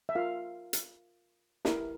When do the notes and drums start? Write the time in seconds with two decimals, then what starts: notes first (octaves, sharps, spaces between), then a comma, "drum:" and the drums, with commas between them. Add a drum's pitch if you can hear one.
0.09 E5
0.15 F4 A#4 F5
0.73 drum: hi-hat
1.65 E4 G4 A#4, drum: snare